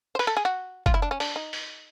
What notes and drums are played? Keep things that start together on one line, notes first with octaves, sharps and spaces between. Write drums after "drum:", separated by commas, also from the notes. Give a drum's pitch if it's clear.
C5
B4, drum: open hi-hat
A4
G#4
F#4
F4, drum: kick F#1, hi-hat
E4
D4
C#4
D4, drum: open hi-hat
D#4
drum: open hi-hat